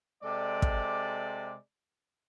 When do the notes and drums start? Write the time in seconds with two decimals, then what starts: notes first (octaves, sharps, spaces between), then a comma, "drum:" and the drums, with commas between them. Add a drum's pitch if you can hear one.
0.23 C3 G#3 A4 D5
0.62 drum: kick